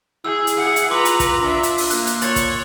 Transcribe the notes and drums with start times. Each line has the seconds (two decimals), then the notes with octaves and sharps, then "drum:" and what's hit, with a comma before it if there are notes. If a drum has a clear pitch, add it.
0.25 E4 G#4 E6
0.47 drum: hi-hat
0.57 G#4 F#5
0.76 drum: hi-hat
0.91 F4 B4 A#5 C6 D6 F#7
1.05 drum: hi-hat
1.20 drum: kick, hi-hat
1.42 D4 E5
1.63 drum: hi-hat
1.78 drum: open hi-hat
1.90 A#3 F#6, drum: hi-hat
2.07 drum: hi-hat
2.21 A#2 C#5 A6 F#7, drum: hi-hat
2.36 drum: kick, hi-hat